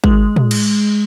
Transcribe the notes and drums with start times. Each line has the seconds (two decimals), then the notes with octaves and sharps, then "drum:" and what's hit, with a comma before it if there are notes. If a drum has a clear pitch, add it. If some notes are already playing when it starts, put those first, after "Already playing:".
0.04 G#3, drum: kick G#1
0.36 drum: tom
0.51 drum: cymbal